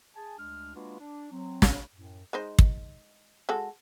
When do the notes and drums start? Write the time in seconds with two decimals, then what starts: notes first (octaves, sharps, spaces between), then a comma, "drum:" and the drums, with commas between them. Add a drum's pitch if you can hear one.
0.15 G#4 G#5 A5
0.39 D2 G#3 D4 F6
0.74 G#3 A#3 D4 F4 F#4 B4
1.00 D4
1.32 F#3 C4
1.62 drum: snare
1.94 F#2 A2
2.33 G#3 D#4 C5
2.59 drum: kick
3.49 G#3 F#4 A4